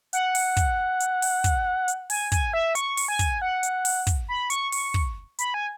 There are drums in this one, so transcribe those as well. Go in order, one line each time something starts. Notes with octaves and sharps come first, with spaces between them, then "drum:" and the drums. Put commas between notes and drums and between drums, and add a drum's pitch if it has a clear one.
F#5, drum: hi-hat
drum: open hi-hat
drum: kick, hi-hat
drum: hi-hat
drum: open hi-hat
drum: kick, hi-hat
drum: hi-hat
G#5, drum: open hi-hat
G#5, drum: kick, hi-hat
E5
C#6, drum: hi-hat
drum: open hi-hat
G#5
drum: kick, hi-hat
F#5
drum: hi-hat
drum: open hi-hat
drum: kick, hi-hat
B5
C#6, drum: hi-hat
C#6, drum: open hi-hat
drum: kick
B5, drum: hi-hat
G#5